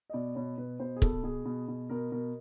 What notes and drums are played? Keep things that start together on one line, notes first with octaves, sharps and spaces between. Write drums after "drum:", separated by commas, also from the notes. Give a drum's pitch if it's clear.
D#5
B2 D5
B2 C#5
B2 B4
B2 C5
G#4
B2 A4, drum: kick
B2 G#4
B2
B2
B2 A#4
B2 A#4